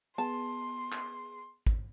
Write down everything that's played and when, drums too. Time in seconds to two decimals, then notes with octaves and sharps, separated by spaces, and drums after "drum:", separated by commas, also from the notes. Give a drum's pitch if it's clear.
0.18 B3 G#4 A5 C6
0.92 drum: clap
1.67 drum: kick